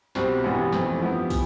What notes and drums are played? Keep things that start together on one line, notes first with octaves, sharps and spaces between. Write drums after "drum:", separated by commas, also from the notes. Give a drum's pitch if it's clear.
C2 B2 G3 C4, drum: snare
A1 G2 E3 G3 B3
F2 E3 A3 C4, drum: snare
G2 F3 B3 E4 G4
E3, drum: kick, open hi-hat